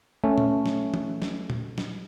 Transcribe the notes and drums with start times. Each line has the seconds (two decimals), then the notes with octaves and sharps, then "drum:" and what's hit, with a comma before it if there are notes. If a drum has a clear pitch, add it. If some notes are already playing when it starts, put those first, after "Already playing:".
0.24 A3 C#4
0.38 drum: tom A#2
0.66 drum: snare
0.94 drum: tom E3
1.22 drum: snare
1.50 drum: tom A#2
1.78 drum: snare